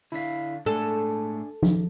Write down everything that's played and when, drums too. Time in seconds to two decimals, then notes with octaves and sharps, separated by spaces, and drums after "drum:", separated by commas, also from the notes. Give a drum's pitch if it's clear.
0.12 D3 D4 E4 F5 B6
0.66 A2 G#3 A3 D4 A4 G#5
1.63 drum: tom F3